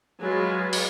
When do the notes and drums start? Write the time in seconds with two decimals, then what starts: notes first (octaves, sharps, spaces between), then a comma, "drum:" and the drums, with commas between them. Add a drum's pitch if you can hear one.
0.20 F#3 G#3 F4 G#4 B4
0.73 drum: open hi-hat